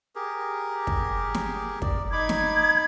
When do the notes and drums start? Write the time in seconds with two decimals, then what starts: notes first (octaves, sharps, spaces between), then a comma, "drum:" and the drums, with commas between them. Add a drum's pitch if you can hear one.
0.15 G4 G#4 A#4
0.87 drum: kick
1.34 drum: snare
1.82 D5, drum: kick
2.12 D#4 B5 D6 G#6
2.29 drum: snare